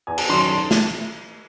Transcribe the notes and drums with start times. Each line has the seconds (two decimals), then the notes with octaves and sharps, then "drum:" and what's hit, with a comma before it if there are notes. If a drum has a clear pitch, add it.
0.07 E2 G#5
0.18 A5, drum: cymbal
0.29 D#3 F#3 C#4 C6
0.40 A5
0.71 drum: snare